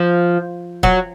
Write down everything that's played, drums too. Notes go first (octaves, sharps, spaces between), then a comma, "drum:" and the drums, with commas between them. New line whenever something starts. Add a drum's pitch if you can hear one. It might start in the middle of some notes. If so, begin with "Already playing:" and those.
Already playing: F3
F#3, drum: kick E1